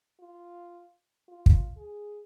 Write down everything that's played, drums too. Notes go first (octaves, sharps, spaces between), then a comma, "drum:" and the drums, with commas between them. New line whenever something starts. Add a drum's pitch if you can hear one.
F4
F4
drum: kick
G#4